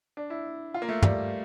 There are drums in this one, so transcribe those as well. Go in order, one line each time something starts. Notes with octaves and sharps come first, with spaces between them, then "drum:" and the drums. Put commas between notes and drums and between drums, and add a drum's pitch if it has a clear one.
D4
E4
F4
A#3
A3
G3, drum: tom